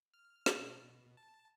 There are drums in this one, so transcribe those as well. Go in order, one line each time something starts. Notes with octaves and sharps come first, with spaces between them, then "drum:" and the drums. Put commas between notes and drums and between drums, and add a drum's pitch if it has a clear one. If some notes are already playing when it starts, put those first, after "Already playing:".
F6
drum: snare
B2
A5